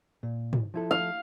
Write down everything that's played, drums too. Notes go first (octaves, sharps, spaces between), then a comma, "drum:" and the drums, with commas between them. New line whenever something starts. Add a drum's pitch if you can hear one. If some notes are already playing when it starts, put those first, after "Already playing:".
A#2
drum: tom
F3 E4 A4
F5